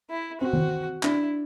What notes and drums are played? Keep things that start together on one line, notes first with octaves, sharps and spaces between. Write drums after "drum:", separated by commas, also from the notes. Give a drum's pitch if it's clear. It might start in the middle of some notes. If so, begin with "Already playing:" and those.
E4
C4 F#4
drum: tom D#3
D4 E4, drum: clap